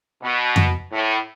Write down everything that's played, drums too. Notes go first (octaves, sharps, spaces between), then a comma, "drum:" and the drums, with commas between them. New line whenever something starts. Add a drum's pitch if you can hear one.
B2
drum: tom F2
A2